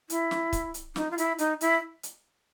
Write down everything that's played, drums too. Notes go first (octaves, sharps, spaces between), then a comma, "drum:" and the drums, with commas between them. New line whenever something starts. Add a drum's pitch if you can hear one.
E4, drum: hi-hat
drum: snare
drum: kick, hi-hat
drum: hi-hat
D#4, drum: snare
F4
E4, drum: hi-hat
D#4, drum: hi-hat
E4, drum: hi-hat
drum: hi-hat